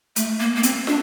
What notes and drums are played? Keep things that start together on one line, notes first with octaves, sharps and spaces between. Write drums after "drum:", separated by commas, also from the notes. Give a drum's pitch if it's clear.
A3, drum: hi-hat
A#3
A#3
C4, drum: hi-hat
D4, drum: snare